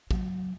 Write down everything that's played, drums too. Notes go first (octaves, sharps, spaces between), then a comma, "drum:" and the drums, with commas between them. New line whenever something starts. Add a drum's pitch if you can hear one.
F#3, drum: kick